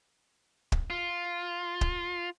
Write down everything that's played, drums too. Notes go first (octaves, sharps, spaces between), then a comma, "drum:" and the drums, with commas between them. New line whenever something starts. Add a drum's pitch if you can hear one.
drum: kick
F4
drum: kick